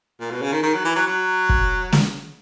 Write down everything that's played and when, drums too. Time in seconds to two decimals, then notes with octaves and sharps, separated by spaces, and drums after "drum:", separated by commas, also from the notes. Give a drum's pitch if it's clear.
0.20 A#2
0.31 B2
0.42 C#3
0.52 D#3
0.63 D#3
0.74 F#3
0.85 E3
0.96 F#3
1.06 F#3
1.49 drum: kick
1.92 drum: snare